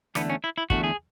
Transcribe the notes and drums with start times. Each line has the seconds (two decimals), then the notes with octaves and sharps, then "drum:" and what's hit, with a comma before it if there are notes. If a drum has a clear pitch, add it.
0.15 E2 D3 A3 B3, drum: rim click
0.30 C#4
0.44 E4
0.58 E4
0.70 E2 D3 A3 F#4, drum: kick
0.84 G#4